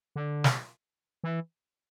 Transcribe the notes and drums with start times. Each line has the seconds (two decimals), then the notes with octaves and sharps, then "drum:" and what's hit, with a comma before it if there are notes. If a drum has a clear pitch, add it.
0.16 D3
0.44 drum: snare
1.24 E3